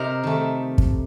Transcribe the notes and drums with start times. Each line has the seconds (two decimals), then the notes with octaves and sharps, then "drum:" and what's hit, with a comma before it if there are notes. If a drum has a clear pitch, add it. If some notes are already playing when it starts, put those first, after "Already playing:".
Already playing: C3 D#4 A#4
0.23 D#3 A3
0.78 drum: kick